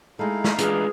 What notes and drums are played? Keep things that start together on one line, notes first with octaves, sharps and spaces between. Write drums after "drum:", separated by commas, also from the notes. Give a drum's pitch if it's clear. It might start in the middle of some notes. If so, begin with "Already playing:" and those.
G#3 A3 D#4 E4 F5
drum: snare
E3 G#3 D4 F4 G#4, drum: hi-hat